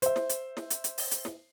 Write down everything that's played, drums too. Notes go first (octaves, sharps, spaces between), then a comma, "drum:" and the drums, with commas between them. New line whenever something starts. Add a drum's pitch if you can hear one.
C5 E5, drum: hi-hat
drum: snare
drum: hi-hat
drum: snare
drum: hi-hat
drum: hi-hat
drum: open hi-hat
drum: hi-hat
drum: snare